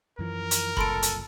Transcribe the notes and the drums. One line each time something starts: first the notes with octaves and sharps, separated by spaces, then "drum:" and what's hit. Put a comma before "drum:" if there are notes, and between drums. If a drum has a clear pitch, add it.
F#2 E3 F3 A#4
drum: hi-hat
F#1 C2 A#2 A4 B5 C6 D7, drum: kick
drum: hi-hat